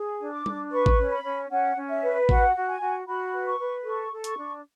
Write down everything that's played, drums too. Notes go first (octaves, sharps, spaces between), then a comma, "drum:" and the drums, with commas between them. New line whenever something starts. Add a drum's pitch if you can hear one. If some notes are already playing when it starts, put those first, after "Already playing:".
Already playing: G#4
D4
D6
D4, drum: tom G3
B4 C#6
drum: kick A1
C#4
B5
C#4
C#4 F#5
C#4
E5
B4
F#4 F#5, drum: kick A1
F#4
G#5
F#4
F#4 B5
B4
C#6
B4
A4 C#6
A4
C#6, drum: hi-hat
D4